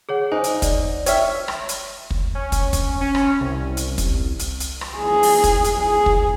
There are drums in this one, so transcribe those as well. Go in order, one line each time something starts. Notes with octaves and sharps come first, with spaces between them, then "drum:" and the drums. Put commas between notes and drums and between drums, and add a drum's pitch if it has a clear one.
G#4 C#5 F#5
D#4 C5 G#5
drum: hi-hat
D5, drum: kick, hi-hat
C#5 E5 G5 E6 F6, drum: hi-hat
drum: rim click
drum: hi-hat
drum: kick
C#4
drum: kick, hi-hat
drum: kick, hi-hat
C#4
drum: rim click
C2
drum: hi-hat
drum: kick, hi-hat
drum: hi-hat
drum: hi-hat
drum: rim click
G#4
drum: open hi-hat
drum: kick, hi-hat
drum: hi-hat
G#4
drum: kick